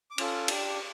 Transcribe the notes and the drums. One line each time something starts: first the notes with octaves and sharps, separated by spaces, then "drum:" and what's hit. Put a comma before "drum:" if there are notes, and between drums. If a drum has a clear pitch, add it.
D6
C#4 F4 A4, drum: cymbal
D4 G4, drum: cymbal